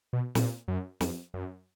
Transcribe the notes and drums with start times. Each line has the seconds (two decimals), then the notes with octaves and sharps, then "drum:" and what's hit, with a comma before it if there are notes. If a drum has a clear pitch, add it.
0.13 B2
0.35 A#2, drum: snare
0.68 F#2
1.01 F2, drum: snare
1.34 F#2